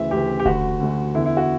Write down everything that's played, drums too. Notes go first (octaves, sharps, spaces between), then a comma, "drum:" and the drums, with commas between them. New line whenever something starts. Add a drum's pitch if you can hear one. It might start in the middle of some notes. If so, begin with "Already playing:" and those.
Already playing: D2 C#3 E3 E5
D2 C#3 E3 G4
G4
D2 D3 F#4, drum: kick E1
D2 D3
E2 D3 E4
E4
F#4